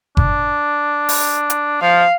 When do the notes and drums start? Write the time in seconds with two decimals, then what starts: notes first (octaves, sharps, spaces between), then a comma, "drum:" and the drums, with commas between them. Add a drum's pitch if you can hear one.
0.17 D4, drum: kick F#1
1.09 drum: open hi-hat
1.50 drum: hi-hat
1.82 F3 F5